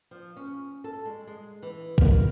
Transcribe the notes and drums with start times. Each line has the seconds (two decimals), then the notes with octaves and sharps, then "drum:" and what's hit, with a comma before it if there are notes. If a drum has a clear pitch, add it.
0.11 F3
0.37 C#4
0.84 A4
1.05 G#3
1.27 G#3
1.62 E3
1.98 A#4, drum: kick